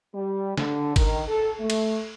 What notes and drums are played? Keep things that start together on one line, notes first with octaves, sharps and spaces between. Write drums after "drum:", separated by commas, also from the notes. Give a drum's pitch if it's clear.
G3
D3, drum: snare
D#3, drum: kick G1, cymbal
A4
A3
drum: cymbal